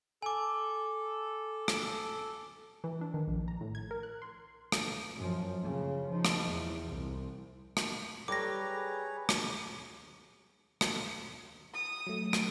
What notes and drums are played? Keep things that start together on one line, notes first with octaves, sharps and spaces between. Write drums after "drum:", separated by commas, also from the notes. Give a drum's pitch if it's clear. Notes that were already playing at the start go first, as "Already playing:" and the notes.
A4 G#5 D6
drum: rim click
E3
D4
D#3
A#1
A#5
A2
G#6
A#4
F#6
C6
drum: rim click
F#2 F3
C#3
F3 D#4
drum: rim click
E2
C2
drum: rim click
G3 A4 B4 C#5 G5 A#5 D6 A#6
G#4
drum: rim click
drum: rim click
D#6
F#3 A3
drum: rim click